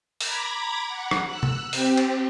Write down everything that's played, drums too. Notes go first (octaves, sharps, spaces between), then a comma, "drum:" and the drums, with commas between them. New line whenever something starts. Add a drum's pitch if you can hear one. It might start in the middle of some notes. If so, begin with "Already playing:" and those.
A#5 B5 D6 G#6 A#6, drum: open hi-hat
F#5
drum: rim click
E6 F#6
drum: tom C3
C4 G4, drum: open hi-hat
drum: cymbal